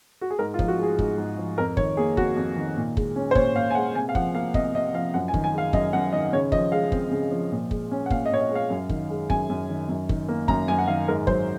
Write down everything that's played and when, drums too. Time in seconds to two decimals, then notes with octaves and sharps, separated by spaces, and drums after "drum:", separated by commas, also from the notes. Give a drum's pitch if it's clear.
0.21 F#4
0.30 G#4
0.39 G#2 A#4
0.54 F4
0.59 F3, drum: kick
0.68 F#4
0.79 G#3 G#4
0.99 G#2, drum: kick
1.18 G#2
1.38 F3
1.58 F2 A#4
1.77 D#3 C#5, drum: kick
1.97 A#3 G#4
2.17 F2 F#4, drum: kick
2.37 F2
2.56 D#3
2.77 A#2
2.97 G#3, drum: kick
3.16 C#4
3.31 C5
3.35 A#2 C#5, drum: kick
3.55 A#2 F5
3.71 G#5
3.75 G#3 F#5
3.95 C3 G#5
4.09 F5
4.15 F3 F#5, drum: kick
4.35 A#3 F5
4.54 C3 D#5, drum: kick
4.75 C3 D#5
4.94 F3 F5
5.14 F#2 F#5
5.28 G#5
5.34 D#3, drum: kick
5.44 G#5
5.53 G#3 F5
5.73 F#2 D#5, drum: kick
5.93 F#2 F#5
6.13 D#3 D#5
6.33 C#3 C#5
6.52 F3 D#5, drum: kick
6.72 G#3 F5
6.92 C4, drum: kick
7.11 C#3
7.31 F3
7.52 A#2
7.71 G#3, drum: kick
7.91 C#4
8.06 F#5
8.10 A#2 F5, drum: kick
8.26 D#5
8.31 A#2 C#5
8.41 D#5
8.50 G#3 F5
8.70 F#2
8.89 D#3, drum: kick
9.10 G#3
9.30 F#2 G#5, drum: kick
9.50 F#2
9.70 D#3
9.89 F#2
10.09 D#3, drum: kick
10.28 A#3
10.48 F#2 A#5, drum: kick
10.68 F#2 G#5
10.78 F#5
10.88 D#3 F5
11.08 G#2 A#4
11.27 F#3 C5, drum: kick